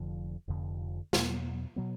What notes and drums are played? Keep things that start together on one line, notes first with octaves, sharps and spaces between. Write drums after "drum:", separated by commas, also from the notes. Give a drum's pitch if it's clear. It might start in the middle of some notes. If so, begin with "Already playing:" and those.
Already playing: F1 F2 D3 F3
F1 F2 D3 F3
E2 B2 F#3 B3, drum: snare
B2 F#3 B3